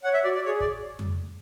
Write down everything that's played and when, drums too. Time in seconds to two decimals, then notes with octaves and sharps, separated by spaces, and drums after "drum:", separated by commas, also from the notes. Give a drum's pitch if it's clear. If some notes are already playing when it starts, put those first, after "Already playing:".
0.03 C#5 F#5
0.14 E5
0.24 F#4 D5
0.35 D5
0.45 G#4 C#5
0.60 D5, drum: kick
0.99 drum: tom F2